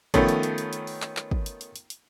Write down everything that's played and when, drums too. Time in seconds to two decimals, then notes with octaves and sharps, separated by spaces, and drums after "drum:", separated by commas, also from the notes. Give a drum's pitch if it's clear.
0.14 D#3 F3 A3 B3 C#4, drum: kick, hi-hat
0.29 drum: hi-hat
0.43 drum: hi-hat
0.58 drum: hi-hat
0.73 drum: hi-hat
0.87 drum: open hi-hat
1.02 drum: clap
1.17 drum: clap
1.31 drum: kick
1.46 drum: hi-hat
1.61 drum: hi-hat
1.76 drum: hi-hat
1.90 drum: hi-hat